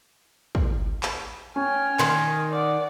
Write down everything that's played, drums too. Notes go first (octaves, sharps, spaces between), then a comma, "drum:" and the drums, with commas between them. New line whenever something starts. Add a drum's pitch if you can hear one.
drum: kick
drum: clap
C#4 G5 G#5 F6
D#3 C6, drum: clap
D5 F#5